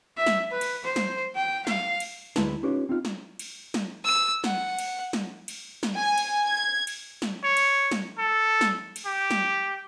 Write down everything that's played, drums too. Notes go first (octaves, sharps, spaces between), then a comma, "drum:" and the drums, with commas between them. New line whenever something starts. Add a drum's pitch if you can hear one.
E5
drum: snare
B4
drum: cymbal
C5
drum: snare
G5
F5, drum: snare
drum: cymbal
D2 G#3 E4 B4 A5 A#5, drum: snare
C#4 D#4 F4 G4 B4 C#5
C4 D#4 F4
drum: snare
drum: cymbal
drum: snare
E6
F#5, drum: snare
drum: cymbal
drum: snare
drum: cymbal
drum: snare
G#5
drum: cymbal
G#6
drum: cymbal
drum: snare
C#5
drum: cymbal
drum: snare
A4
drum: snare
drum: cymbal
G4
drum: snare